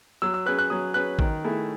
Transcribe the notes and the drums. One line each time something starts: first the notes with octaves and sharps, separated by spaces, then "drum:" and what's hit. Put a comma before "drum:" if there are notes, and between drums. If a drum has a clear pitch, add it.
F#3 E6
E6
C#4 G#4 B4 F#6
F#6
F#3 D#6
C#4 G#4 B4 F#6
D#3, drum: kick A1
A3 E4 G#4